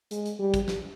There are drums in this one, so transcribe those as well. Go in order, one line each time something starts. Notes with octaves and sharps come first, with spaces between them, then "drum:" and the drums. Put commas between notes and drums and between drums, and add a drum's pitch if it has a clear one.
G#3, drum: hi-hat
drum: hi-hat
G3
drum: kick, hi-hat
drum: snare